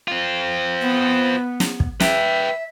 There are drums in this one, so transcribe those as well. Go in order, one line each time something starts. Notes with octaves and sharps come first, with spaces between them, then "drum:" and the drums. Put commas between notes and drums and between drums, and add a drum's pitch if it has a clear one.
C4 F4
B3
drum: snare
drum: kick
B4 E5 G5, drum: snare